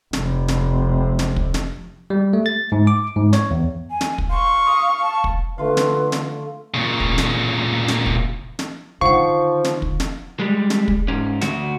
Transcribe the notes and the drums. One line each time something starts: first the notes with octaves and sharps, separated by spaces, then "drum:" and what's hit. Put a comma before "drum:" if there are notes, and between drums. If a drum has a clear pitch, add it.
F1 C3, drum: snare
drum: snare
drum: snare
drum: kick
drum: snare
G3
A3
A6
G#2
D6
G#2
C#5, drum: snare
E2
G#5
drum: snare
drum: kick
F5 C6 C#6
D#6
A5
drum: kick
D3 A3 F4 B4 F5
drum: snare
drum: snare
A#2 C#3
drum: kick
drum: snare
drum: snare
drum: kick
drum: snare
D3 D#3 F3 F5 F#5 C#6
drum: snare
drum: kick
drum: snare
G3 G#3
drum: snare
drum: kick
G#2 C#4
D2 F#4, drum: snare